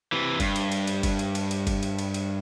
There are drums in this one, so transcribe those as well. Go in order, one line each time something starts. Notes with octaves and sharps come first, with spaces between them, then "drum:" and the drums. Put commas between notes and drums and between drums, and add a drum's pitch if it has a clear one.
C3 E3
G2, drum: kick, cymbal
drum: cymbal
drum: cymbal
drum: cymbal
drum: kick, cymbal
drum: cymbal
drum: cymbal
drum: cymbal
drum: kick, cymbal
drum: cymbal
drum: cymbal
drum: cymbal